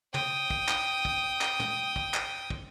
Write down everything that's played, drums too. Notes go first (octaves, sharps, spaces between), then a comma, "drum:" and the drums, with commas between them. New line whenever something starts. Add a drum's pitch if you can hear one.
G5 D#6, drum: tom
drum: kick
drum: clap
drum: kick
drum: clap
drum: tom
drum: kick
drum: clap
drum: kick